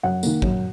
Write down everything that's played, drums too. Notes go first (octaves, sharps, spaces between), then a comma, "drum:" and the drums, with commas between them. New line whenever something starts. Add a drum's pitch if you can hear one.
F#2 F#5
D#3 A#3, drum: tambourine
F#2, drum: kick